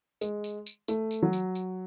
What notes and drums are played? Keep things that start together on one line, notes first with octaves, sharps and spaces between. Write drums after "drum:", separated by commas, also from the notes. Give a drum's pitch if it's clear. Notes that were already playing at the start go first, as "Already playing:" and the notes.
G#3, drum: tambourine
drum: tambourine
drum: tambourine
A3, drum: tambourine
drum: tambourine
F#3
drum: tambourine
drum: tambourine